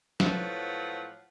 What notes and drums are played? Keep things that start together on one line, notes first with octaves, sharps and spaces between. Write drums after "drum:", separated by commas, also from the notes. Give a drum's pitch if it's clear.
A2 F3 F#3 B4 F#5, drum: snare